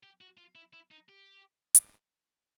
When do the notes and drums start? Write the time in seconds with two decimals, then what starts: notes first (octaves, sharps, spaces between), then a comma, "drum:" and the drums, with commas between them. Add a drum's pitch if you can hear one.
0.03 G4
0.21 F#4
0.37 F4
0.55 E4
0.73 E4
0.91 D#4
1.09 G4
1.75 drum: hi-hat